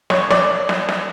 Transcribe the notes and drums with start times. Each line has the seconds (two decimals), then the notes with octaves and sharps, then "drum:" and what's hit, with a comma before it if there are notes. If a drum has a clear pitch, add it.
0.10 C#5, drum: snare
0.30 D5, drum: snare
0.69 drum: snare
0.89 drum: snare